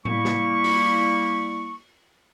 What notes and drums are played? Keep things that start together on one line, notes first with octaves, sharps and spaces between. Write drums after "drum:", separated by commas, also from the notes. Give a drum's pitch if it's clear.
G3 A#3 E4 C#6, drum: tom A2
drum: snare
drum: open hi-hat